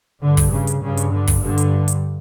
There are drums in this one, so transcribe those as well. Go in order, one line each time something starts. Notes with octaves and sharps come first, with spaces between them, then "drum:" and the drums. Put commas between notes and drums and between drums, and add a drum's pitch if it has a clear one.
G2 D3
drum: kick, open hi-hat
C#3
drum: hi-hat
G2 C#3
drum: hi-hat
D3
drum: kick, open hi-hat
G2 D3
drum: hi-hat
drum: hi-hat